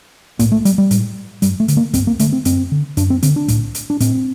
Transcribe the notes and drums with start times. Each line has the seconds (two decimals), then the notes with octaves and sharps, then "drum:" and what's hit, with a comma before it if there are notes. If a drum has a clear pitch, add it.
0.39 A2 A#3, drum: kick, hi-hat
0.52 A3
0.65 G3, drum: hi-hat
0.78 G3
0.91 A2, drum: hi-hat
1.42 G2 G3, drum: hi-hat
1.60 A3
1.68 D3, drum: hi-hat
1.77 A#3
1.94 G2 C4, drum: kick, hi-hat
2.07 A#3
2.19 D3 A3, drum: hi-hat
2.32 C4
2.45 F#2 C4, drum: hi-hat
2.72 D3
2.97 F#2 D4, drum: hi-hat
3.10 C4
3.23 D3 C4, drum: hi-hat
3.36 D4
3.48 A2, drum: kick, hi-hat
3.75 drum: hi-hat
3.90 D4
4.00 A2 C4, drum: hi-hat